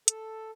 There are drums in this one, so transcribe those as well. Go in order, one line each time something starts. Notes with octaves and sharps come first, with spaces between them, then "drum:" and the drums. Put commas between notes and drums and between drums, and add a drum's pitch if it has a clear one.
A4, drum: hi-hat